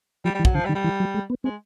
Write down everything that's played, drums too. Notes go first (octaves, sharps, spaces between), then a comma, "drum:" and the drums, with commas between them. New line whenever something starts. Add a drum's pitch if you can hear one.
F3 G3
G3
E3
F#3, drum: kick
D3 F3
G3
D#3
G3
E3
F#3
G#3
B3
G#3 C4